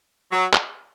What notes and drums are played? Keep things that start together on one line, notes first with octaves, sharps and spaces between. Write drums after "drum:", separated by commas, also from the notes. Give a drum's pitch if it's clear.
F#3
drum: clap